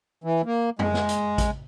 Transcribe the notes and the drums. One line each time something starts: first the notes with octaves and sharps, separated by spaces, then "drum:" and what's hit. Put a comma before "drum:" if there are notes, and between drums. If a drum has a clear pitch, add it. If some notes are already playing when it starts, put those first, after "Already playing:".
E3
A#3
G#3, drum: tom F2
drum: snare
drum: hi-hat
drum: kick A1, hi-hat